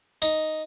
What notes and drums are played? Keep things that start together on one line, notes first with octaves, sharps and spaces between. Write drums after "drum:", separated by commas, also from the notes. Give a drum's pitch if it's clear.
D#4, drum: tambourine